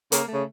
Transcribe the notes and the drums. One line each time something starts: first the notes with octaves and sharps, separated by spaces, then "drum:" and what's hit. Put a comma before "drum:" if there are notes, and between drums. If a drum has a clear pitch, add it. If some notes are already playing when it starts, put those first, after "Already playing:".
C#3 A#3, drum: hi-hat
A3
C#3